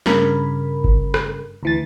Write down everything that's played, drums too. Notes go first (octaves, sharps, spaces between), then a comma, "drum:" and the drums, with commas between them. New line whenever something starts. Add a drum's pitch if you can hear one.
G2 C#3 A#4 B5, drum: snare
drum: kick G1
drum: rim click
D2 E3 A6